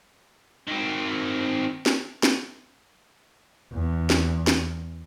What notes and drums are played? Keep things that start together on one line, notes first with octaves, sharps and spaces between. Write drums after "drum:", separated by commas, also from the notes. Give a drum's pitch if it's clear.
D#3 C4
drum: snare
drum: snare
E2
drum: snare
drum: snare